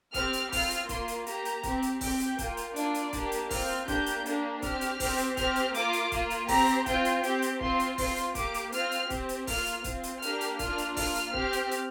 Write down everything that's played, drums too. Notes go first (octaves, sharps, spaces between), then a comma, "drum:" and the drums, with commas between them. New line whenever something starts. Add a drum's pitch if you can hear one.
C4 G4 F6, drum: kick, hi-hat
drum: hi-hat
C4 F4 F6, drum: kick, open hi-hat
drum: hi-hat
A#3 F4 C6, drum: kick, hi-hat
drum: hi-hat
A#3 G4 A#5, drum: hi-hat
drum: hi-hat
C4 G4, drum: kick, hi-hat
drum: hi-hat
C4 G4 G5, drum: kick, open hi-hat
drum: hi-hat
A#3 F4, drum: kick, hi-hat
drum: hi-hat
A#3 D4 F4 D5, drum: hi-hat
drum: hi-hat
A#3 D4 G4, drum: kick, hi-hat
drum: hi-hat
C4 F4 F6, drum: kick, open hi-hat
A#3 D4 G4 G6, drum: kick, hi-hat
drum: hi-hat
A#3 D4 G4, drum: hi-hat
C4 G4 F6, drum: kick, hi-hat
drum: hi-hat
C4 G4, drum: kick, open hi-hat
drum: hi-hat
C4 G4 F6, drum: kick, hi-hat
drum: hi-hat
A#3 F4 D6, drum: hi-hat
drum: hi-hat
A#3 F4, drum: kick, hi-hat
drum: hi-hat
C4 G4 A#5, drum: kick, open hi-hat
drum: hi-hat
C4 F4 G5, drum: kick, hi-hat
drum: hi-hat
C4 G4 G5, drum: hi-hat
drum: hi-hat
C4 F4 C6, drum: kick
drum: hi-hat
C4 F4 C6, drum: kick, open hi-hat
drum: hi-hat
A#3 G4 D6, drum: kick, hi-hat
drum: hi-hat
C4 F4 F6, drum: hi-hat
drum: hi-hat
C4 G4, drum: kick, hi-hat
drum: hi-hat
A#3 F4 F6, drum: kick, open hi-hat
drum: hi-hat
C4 F4, drum: kick, hi-hat
drum: hi-hat
A#3 D4 G4 F6, drum: hi-hat
drum: hi-hat
A#3 D4 F4 F6, drum: kick, hi-hat
drum: hi-hat
A#3 F4 F6, drum: kick, open hi-hat
drum: hi-hat
C4 G4, drum: kick
drum: hi-hat
drum: hi-hat